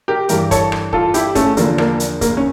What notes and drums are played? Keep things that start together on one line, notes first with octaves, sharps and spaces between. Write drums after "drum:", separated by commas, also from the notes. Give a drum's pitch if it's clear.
G4 A#4
G2 E3 G3 G4 A#4, drum: hi-hat
A4 C#5, drum: kick, hi-hat
drum: rim click
F4 A4, drum: kick
E4 G4, drum: hi-hat
A3 C#4, drum: kick, hi-hat
E2 D3 F3 A#3, drum: hi-hat
A#3 D4, drum: rim click
drum: hi-hat
A#3, drum: kick, hi-hat
C#4